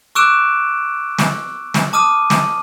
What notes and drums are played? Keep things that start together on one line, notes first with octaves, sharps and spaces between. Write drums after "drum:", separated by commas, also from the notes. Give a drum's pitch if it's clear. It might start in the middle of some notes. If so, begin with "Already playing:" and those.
C#6 D6 E6 F#6 D7 E7
drum: snare
drum: snare
A5 D6 D#6 F6 D#7
drum: snare